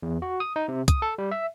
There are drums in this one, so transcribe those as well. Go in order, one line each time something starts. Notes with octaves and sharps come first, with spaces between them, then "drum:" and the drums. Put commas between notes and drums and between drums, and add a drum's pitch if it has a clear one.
E2
F#4
D#6
D#4
C3
D#6, drum: kick, hi-hat
A4
G3
E5